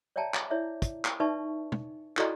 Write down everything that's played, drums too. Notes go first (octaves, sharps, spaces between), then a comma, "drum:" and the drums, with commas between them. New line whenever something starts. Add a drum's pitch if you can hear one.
C#5 D5 E5 G5 A5 A#5
D6, drum: clap
E4 C#5 D5 E5
drum: kick, hi-hat
drum: clap
D#4 B4 D5 E5 A5 C#6
drum: tom
E4 F#4 A4 D5 D#5 A#5, drum: clap